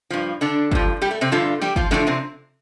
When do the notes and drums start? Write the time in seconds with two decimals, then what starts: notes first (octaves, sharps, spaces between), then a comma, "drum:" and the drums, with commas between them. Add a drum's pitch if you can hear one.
0.10 G2 F3
0.41 D3 D4
0.72 G2 F3, drum: kick
1.02 G3 G4
1.11 A3
1.21 C3 C4
1.32 G2 D3 F3 F4
1.62 G3 G4, drum: snare
1.76 F3 F4, drum: kick
1.91 A2 D3 F3 D4, drum: snare
2.07 C3 C4